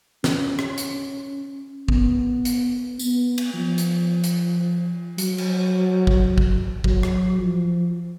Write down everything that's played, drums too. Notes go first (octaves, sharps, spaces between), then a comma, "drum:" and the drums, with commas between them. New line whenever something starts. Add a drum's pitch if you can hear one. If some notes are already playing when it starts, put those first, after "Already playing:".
C#4, drum: snare
drum: rim click
drum: hi-hat
B3, drum: kick
drum: hi-hat
B3, drum: tambourine
drum: cymbal
F3
drum: hi-hat
drum: hi-hat
F#3, drum: hi-hat
drum: cymbal
drum: kick
drum: kick
F#3, drum: kick
drum: rim click
F3